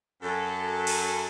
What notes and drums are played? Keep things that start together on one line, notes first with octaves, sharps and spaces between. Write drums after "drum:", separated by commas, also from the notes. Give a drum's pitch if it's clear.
F#2 A4
drum: cymbal